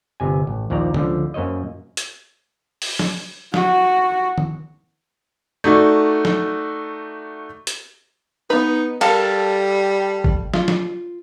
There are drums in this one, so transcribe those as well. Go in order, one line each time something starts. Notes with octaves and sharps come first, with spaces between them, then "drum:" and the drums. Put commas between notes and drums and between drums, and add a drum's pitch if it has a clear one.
G1 C3 G#5
A1
A#1 D#2 F3 D5 A#5
C#2 D3 F3, drum: tom D3
F#2 A#3 C5 C#5 D#5
drum: hi-hat
drum: open hi-hat
drum: snare
F#4, drum: snare
drum: tom D#3
A3 D#4 F#4 D5
drum: snare
drum: hi-hat
B3 D#4 B4
G3 A4 A#4 F5 A5, drum: cymbal
drum: kick
F4, drum: snare
drum: snare